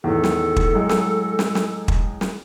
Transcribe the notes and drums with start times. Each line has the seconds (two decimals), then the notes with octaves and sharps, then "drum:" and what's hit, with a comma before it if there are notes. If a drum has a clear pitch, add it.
0.04 E2 A2 D#3 A4
0.24 drum: snare
0.56 drum: kick
0.73 A2 F#3 G#3
0.89 drum: snare
1.39 drum: snare
1.55 drum: snare
1.88 drum: kick
2.21 drum: snare